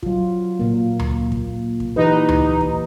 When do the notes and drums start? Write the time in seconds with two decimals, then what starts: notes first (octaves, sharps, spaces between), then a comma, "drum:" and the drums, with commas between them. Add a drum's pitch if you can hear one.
0.03 F#3 F4, drum: kick
0.59 A#2 A#3
0.99 drum: tom D2
1.32 drum: kick
1.80 drum: kick
1.96 E3 D#4 G4 B4
2.29 drum: tom D2
2.61 drum: kick